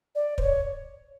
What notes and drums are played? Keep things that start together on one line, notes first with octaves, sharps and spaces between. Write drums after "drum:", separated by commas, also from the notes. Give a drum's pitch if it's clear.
D5
C5, drum: kick
C#5